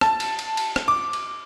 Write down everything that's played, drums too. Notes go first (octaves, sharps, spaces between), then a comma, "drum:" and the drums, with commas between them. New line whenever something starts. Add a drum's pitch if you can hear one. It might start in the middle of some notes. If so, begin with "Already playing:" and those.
A5, drum: rim click
drum: cymbal
drum: cymbal
drum: cymbal
drum: rim click
D6
drum: cymbal